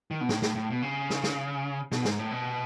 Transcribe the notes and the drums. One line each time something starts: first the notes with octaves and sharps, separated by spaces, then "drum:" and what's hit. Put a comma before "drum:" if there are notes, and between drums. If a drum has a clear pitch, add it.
D#3
B2
A2, drum: snare
A2, drum: snare
A2
B2
C#3
drum: snare
drum: snare
B2, drum: snare
G#2, drum: snare
A2
B2